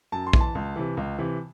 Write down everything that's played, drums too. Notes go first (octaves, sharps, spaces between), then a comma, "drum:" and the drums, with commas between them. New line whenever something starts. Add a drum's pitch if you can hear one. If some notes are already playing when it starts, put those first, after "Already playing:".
F#2 A5
C6
E3, drum: kick A#1
A5
C#2
C3 E3
C#2
C3 E3